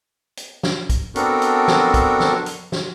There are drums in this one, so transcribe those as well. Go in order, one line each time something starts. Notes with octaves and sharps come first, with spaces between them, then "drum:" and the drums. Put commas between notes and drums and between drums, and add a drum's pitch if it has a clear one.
drum: hi-hat
drum: snare
drum: kick, hi-hat
B3 C4 D4 F#4 A4 A#4, drum: hi-hat
drum: hi-hat
drum: snare
drum: kick, hi-hat
drum: snare
drum: hi-hat
drum: snare